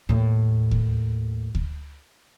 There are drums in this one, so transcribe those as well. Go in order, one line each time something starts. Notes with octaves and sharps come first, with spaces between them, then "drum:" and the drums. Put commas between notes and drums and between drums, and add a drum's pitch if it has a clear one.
D#2 A2
drum: kick D2
drum: kick D2